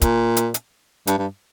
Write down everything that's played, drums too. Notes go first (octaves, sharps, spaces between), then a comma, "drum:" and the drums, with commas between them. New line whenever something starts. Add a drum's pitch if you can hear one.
A#2, drum: kick, hi-hat
drum: hi-hat
drum: hi-hat
G2, drum: hi-hat
G2